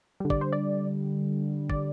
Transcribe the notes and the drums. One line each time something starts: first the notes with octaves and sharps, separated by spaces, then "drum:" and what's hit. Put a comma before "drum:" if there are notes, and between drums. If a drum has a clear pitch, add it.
D3 G3
D5, drum: kick
C5
D5
D5, drum: kick